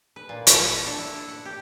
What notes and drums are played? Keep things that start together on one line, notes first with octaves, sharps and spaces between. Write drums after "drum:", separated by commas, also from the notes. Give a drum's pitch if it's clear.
B4
A#2
A4, drum: hi-hat
B4
F#5
D4
E4
F#5
F#5
G4